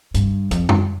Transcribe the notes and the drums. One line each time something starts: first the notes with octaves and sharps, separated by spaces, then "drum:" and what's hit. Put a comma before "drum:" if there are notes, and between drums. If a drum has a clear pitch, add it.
G2, drum: hi-hat
F2, drum: hi-hat
drum: tom F#2